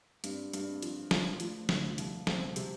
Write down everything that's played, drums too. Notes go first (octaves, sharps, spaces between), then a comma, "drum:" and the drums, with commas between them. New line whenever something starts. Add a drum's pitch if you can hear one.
G2 C4, drum: hi-hat
G2, drum: hi-hat
C4
F3 C4, drum: hi-hat
F3, drum: snare
F3 A3, drum: hi-hat
D2 G3, drum: snare
C2 F3, drum: hi-hat
F3
C4, drum: snare
G3
C3, drum: hi-hat